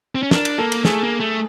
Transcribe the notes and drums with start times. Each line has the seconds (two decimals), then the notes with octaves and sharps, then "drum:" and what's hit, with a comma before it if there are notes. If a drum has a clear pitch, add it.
0.15 C4
0.23 C#4
0.31 D4 A#4, drum: snare
0.45 drum: cymbal
0.58 A#3 A4
0.72 drum: cymbal
0.85 A3 G#4, drum: snare
1.04 A#3
1.20 A3